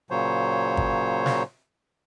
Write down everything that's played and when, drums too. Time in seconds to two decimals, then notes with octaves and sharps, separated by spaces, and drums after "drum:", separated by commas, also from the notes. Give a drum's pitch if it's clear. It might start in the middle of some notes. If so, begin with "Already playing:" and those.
0.11 A#2 C#3 F#3 C5 C#5
0.77 drum: kick G1
1.26 drum: snare